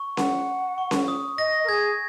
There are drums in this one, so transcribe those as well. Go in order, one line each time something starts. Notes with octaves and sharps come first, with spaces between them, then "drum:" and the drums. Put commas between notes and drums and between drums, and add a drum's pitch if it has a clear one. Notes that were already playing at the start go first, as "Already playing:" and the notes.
Already playing: C#6
F#5, drum: snare C#4
C#6
drum: snare C#4
D#6
D#5 A#6
A#4
G#4 G#6